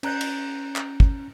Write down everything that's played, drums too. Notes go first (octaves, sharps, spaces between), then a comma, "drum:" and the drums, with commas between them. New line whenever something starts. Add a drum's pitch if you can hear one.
C#4 A#5 F#6 G6, drum: cymbal
drum: cymbal
drum: clap
drum: kick